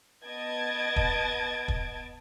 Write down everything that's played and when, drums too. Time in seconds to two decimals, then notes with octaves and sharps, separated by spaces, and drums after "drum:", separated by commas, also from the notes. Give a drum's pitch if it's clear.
0.24 B3 D#5 A5 G#6 A6 D7
0.96 drum: kick
1.68 drum: kick